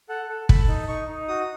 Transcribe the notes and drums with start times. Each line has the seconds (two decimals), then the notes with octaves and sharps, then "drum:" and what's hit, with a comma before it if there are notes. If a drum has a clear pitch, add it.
0.09 A4 F#5
0.29 A4
0.49 A4 B5, drum: kick
0.68 D#4
0.88 D#4 C#6
1.08 D#4
1.28 F#4 D#6